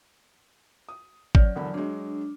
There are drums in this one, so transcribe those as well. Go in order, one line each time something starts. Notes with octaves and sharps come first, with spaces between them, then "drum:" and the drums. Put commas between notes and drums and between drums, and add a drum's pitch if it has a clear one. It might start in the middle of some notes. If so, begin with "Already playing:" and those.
D#6
F#3 C#4 D5 F6 G6, drum: kick
E1 D3 B5
F#3 G#3 D4